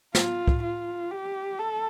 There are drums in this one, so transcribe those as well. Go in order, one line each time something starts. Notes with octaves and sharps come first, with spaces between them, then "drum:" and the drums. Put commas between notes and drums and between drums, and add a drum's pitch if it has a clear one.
F4, drum: snare
drum: kick
F4
G4
A4